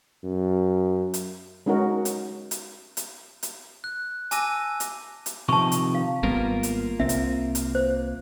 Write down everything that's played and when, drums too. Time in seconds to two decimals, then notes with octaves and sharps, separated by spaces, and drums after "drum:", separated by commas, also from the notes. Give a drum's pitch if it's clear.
0.24 F#2
1.14 drum: hi-hat
1.66 G#3 C#4 D#4 F#4 A#4
2.05 drum: hi-hat
2.51 drum: hi-hat
2.97 drum: hi-hat
3.43 drum: hi-hat
3.84 F#6
4.31 G#5 A5 D6 E6 A#6 D#7, drum: hi-hat
4.80 drum: hi-hat
5.26 drum: hi-hat
5.49 C3 D#3 F3 A5 C#6
5.72 drum: hi-hat
5.95 F5
6.23 G#1 G3 A#3 B3 F4 A#4
6.63 drum: hi-hat
7.00 C2 C4 E5
7.09 drum: hi-hat
7.55 drum: hi-hat
7.75 C5